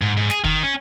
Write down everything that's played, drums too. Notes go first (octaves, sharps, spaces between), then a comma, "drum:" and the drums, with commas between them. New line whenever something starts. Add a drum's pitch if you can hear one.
G#2
G#2
G#4, drum: snare
D#3, drum: kick
C#4